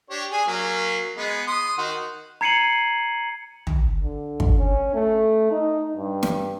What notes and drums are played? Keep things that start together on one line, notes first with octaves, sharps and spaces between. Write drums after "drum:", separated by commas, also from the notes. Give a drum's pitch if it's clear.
D4 G4 C#5
D4 G#4 G#5
F#3 A#3 C#4
G#3 B3
C6 D#6
D#3 F#4
A#5 G#6 C7 C#7 D#7 F#7
drum: tom
D3
drum: kick
C#4
A3
D#4
G2
drum: snare